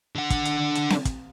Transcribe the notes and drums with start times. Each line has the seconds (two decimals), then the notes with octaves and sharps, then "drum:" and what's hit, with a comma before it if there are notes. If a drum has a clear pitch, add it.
0.15 D3 F#5
0.30 drum: kick, hi-hat
0.45 drum: hi-hat
0.75 drum: hi-hat
0.90 drum: snare C4
1.05 drum: kick, hi-hat